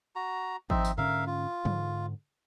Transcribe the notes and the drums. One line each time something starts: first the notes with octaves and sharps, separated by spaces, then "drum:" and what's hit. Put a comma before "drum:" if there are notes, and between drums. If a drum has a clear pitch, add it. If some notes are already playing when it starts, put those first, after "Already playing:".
F#4 A#5
F3 C4 D#4 E5, drum: kick
drum: tambourine
G#2 D3 C#4 A#4 E5 F5
F4
G#2 D3, drum: tom